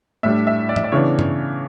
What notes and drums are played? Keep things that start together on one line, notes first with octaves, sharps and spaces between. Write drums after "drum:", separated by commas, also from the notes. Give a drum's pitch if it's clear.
A2 G3 D4 E5
E5
D5
E5, drum: tom
D5
C#3 E3 B3 D4 C#5
drum: tom G2